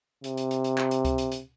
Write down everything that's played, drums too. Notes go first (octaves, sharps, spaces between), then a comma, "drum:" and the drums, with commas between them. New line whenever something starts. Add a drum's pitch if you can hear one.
C3, drum: hi-hat
drum: hi-hat
drum: hi-hat
drum: hi-hat
drum: clap
drum: hi-hat
drum: kick C#2, hi-hat
drum: hi-hat
drum: hi-hat